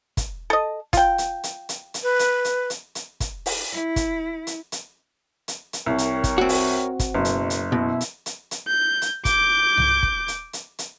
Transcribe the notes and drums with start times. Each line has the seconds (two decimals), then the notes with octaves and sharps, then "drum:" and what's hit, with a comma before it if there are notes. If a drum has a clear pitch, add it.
0.17 drum: kick, hi-hat
0.50 A4 D#5
0.93 F4 G5, drum: kick, hi-hat
1.18 drum: hi-hat
1.44 drum: hi-hat
1.69 drum: hi-hat
1.94 drum: hi-hat
2.03 B4
2.19 drum: hi-hat
2.45 drum: hi-hat
2.70 drum: hi-hat
2.95 drum: hi-hat
3.20 drum: kick, hi-hat
3.46 drum: open hi-hat
3.72 E4
3.96 drum: kick, hi-hat
4.47 drum: hi-hat
4.72 drum: hi-hat
5.48 drum: hi-hat
5.73 drum: hi-hat
5.86 C2 A#4 C#5 G5
5.98 drum: hi-hat
6.24 drum: kick, hi-hat
6.38 C4 F#4
6.49 drum: open hi-hat
6.99 drum: kick, hi-hat
7.15 F#1 F#2 B2
7.25 drum: hi-hat
7.50 drum: hi-hat
7.72 B2 E4
8.01 drum: hi-hat
8.26 drum: hi-hat
8.51 drum: hi-hat
8.68 G6
9.02 drum: hi-hat
9.25 D6 G6, drum: kick, hi-hat
9.77 drum: tom C2
10.03 drum: kick
10.28 drum: hi-hat
10.53 drum: hi-hat
10.79 drum: hi-hat